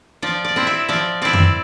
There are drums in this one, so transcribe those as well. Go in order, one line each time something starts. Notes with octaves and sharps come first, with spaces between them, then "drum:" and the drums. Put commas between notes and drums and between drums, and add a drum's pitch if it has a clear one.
F3 D5
D5
C4 E4
E5
F3 D5
C4 E4 D5
drum: tom F2